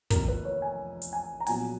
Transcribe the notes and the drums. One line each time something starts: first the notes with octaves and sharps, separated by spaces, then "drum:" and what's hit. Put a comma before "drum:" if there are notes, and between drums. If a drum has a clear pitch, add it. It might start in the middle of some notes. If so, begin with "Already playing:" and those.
F1 F2 D#3 A#3 A#4, drum: kick, hi-hat
B4
C#5
G#5
drum: hi-hat
G#5
A#5
A#1 A#2 F#3 B3 F4 G#5, drum: open hi-hat